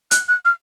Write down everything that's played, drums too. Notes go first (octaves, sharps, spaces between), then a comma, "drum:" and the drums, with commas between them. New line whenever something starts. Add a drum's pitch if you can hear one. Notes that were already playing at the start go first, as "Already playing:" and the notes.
F#6, drum: hi-hat
F#6
F6